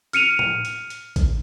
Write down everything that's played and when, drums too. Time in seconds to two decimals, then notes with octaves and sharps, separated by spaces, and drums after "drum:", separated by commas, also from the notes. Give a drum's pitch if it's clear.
0.13 F6 C#7 D#7 F7, drum: hi-hat
0.39 drum: tom A2
0.65 drum: hi-hat
0.90 drum: hi-hat
1.16 drum: kick, hi-hat